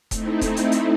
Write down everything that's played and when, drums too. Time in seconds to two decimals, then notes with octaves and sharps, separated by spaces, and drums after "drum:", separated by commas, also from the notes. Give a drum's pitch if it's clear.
0.11 A3 C4 D#4 E4, drum: kick E1, hi-hat
0.41 drum: kick E1, hi-hat
0.57 drum: hi-hat
0.72 drum: hi-hat